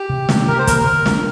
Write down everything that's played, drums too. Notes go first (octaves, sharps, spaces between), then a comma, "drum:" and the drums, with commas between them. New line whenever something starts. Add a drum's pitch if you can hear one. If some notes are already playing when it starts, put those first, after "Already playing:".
Already playing: G4
C3
D#3, drum: snare
A#3
C3 A#4
C5
D#3 A#3 A#4, drum: kick, hi-hat
A#4
D3
G3 D4, drum: snare